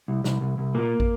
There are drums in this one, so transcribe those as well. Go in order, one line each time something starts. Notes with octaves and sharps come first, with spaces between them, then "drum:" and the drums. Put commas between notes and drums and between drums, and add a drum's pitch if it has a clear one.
C2
C2, drum: snare
C2
C2
A#2 A#3
drum: kick